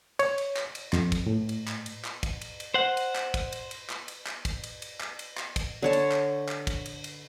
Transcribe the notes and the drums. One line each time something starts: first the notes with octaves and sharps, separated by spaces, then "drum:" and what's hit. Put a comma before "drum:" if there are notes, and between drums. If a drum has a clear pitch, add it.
C#5, drum: cymbal
drum: cymbal
drum: clap
drum: cymbal
F2, drum: clap
drum: kick, cymbal
A2
drum: cymbal
drum: clap
drum: cymbal
drum: clap
drum: kick, cymbal
drum: cymbal
drum: cymbal
C5 F#5
drum: cymbal
drum: clap
drum: kick, cymbal
drum: cymbal
drum: cymbal
drum: clap
drum: cymbal
drum: clap
drum: kick, cymbal
drum: cymbal
drum: cymbal
drum: clap
drum: cymbal
drum: clap
drum: kick, cymbal
D3 C#5 A5
drum: cymbal
drum: clap
drum: clap
drum: kick, cymbal
drum: cymbal
drum: cymbal